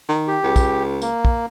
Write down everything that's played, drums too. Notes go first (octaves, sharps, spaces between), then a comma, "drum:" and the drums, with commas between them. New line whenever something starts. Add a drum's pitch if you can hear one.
D#3
G4
C#2
drum: kick, tambourine
A#3, drum: tambourine
drum: kick